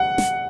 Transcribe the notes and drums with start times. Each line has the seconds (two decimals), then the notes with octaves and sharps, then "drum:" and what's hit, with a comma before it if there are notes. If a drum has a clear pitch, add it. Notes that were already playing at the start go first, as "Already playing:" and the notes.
Already playing: F#5
0.18 drum: snare